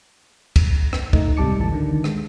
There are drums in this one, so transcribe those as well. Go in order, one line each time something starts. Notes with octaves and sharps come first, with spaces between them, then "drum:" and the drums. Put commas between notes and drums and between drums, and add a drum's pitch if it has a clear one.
drum: kick, cymbal
drum: rim click
A3 D#4, drum: kick
G#2 C3 G3 A5 D6 C#7
A1 D2 E3 A5
D3 D#3
G#3, drum: rim click